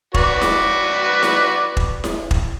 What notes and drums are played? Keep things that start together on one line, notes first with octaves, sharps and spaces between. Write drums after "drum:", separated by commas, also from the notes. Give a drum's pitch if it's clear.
F#4 B4 D5, drum: kick
drum: snare E4
drum: snare E4
drum: kick
drum: snare E4
drum: kick